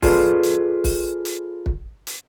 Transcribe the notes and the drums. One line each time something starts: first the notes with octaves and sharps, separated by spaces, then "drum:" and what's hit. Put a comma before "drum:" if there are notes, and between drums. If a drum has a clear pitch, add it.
F4 G#4 A4 B4 C5 D5, drum: kick, open hi-hat
drum: hi-hat
drum: kick, open hi-hat
drum: hi-hat
drum: kick
drum: hi-hat